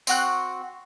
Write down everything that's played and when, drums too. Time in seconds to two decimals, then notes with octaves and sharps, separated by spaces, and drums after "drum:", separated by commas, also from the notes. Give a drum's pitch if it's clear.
0.07 C4 F#4 F#6, drum: tambourine